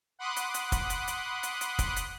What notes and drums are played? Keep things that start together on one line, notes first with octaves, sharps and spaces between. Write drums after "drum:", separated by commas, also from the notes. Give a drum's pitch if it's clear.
F#5 B5 C6 D6 D#6 F#6
drum: hi-hat
drum: hi-hat
drum: kick, hi-hat
drum: hi-hat
drum: hi-hat
drum: hi-hat
drum: hi-hat
drum: kick, hi-hat
drum: hi-hat